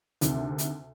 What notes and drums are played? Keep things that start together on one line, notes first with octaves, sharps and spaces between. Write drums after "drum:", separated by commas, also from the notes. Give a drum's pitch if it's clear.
D2 C3 D#3, drum: hi-hat
drum: hi-hat